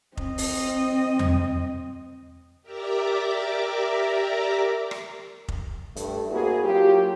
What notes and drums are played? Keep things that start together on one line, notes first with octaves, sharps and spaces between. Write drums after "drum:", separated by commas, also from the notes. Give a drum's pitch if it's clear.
C4 D#5, drum: kick F1
drum: open hi-hat
drum: tom E2
G4 A#4 D5 E5 A#5 D6
drum: rim click
drum: kick F1
G2 A3, drum: hi-hat
A#3 C4 E4 F#4 G#4
F#3 A#3 F4 G4